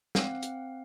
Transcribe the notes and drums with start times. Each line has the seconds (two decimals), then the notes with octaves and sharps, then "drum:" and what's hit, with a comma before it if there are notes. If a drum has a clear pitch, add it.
0.15 C4 F5 F#5, drum: snare
0.42 drum: hi-hat